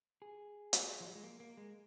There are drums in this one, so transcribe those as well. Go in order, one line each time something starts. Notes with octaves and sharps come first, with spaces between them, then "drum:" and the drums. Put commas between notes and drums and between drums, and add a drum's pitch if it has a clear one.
G#4
drum: hi-hat
F3
G3
G#3
A#3
A#3
G#3